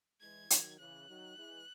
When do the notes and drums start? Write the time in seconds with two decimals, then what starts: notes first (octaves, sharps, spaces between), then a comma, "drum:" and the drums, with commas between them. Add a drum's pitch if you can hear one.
0.21 E3 G#3 G#6
0.50 D#3 F#3, drum: hi-hat
0.80 C#3 E3 F#6
1.08 D#3 F#3
1.37 E3 G#3